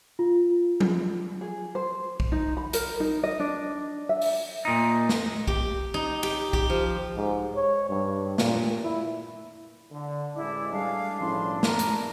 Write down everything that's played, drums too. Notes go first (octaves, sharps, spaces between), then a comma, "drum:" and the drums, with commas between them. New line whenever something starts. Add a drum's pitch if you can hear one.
F4
drum: tom F3
G#4
C5
drum: kick B1
D#4
B5
A#4, drum: hi-hat
D#4
D#5
D4
E5
drum: open hi-hat
A#2 D#4
drum: snare
G4, drum: kick B1
D#4
G4, drum: cymbal
G4, drum: kick B1
F3
G#2
C#5
G2
A#2, drum: snare
E4
D3
A1 G#3 E4 D5
G3 D4 G#4 A4 F5
B1 A2 F3 C#4 E4 C6
A#4, drum: snare
drum: hi-hat